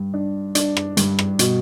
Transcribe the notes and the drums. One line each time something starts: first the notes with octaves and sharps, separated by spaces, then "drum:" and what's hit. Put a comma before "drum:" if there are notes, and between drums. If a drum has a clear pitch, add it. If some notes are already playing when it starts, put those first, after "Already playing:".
Already playing: G2
D4
D4, drum: hi-hat
drum: rim click
G2, drum: hi-hat
drum: rim click
B2, drum: hi-hat